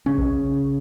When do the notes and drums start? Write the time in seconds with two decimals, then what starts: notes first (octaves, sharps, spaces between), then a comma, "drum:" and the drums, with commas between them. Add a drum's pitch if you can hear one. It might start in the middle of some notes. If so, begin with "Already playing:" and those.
0.06 C#3 C#4
0.18 drum: kick A#1